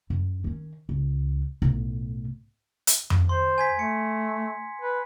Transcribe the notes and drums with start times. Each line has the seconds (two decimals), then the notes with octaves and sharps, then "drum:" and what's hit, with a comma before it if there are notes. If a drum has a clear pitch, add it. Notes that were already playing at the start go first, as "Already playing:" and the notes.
0.10 F#2
0.44 D#3 C#4
0.89 C#2
1.62 B1 A2
2.87 drum: hi-hat
3.10 drum: tom F2
3.29 C5 C6
3.58 G#5 G#6 B6
3.79 A3 C#7
4.81 B4